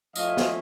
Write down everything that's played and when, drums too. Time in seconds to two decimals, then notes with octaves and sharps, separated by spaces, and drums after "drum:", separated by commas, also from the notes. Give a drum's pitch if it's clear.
0.16 F3 A3 C#4 E4 D#5 F5, drum: tambourine
0.37 drum: snare